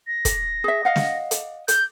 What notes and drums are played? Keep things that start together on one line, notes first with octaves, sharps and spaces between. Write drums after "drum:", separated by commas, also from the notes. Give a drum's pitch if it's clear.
A#6
drum: kick, hi-hat
G#4 E5
D#5 F5 F#5
drum: snare
drum: hi-hat
G6, drum: hi-hat